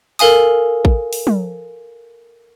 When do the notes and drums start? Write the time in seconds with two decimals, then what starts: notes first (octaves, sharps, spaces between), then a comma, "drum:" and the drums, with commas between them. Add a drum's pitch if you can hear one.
0.19 A4 A#4 F5 G#5 D#6, drum: open hi-hat
0.85 drum: kick
1.13 drum: open hi-hat
1.27 drum: tom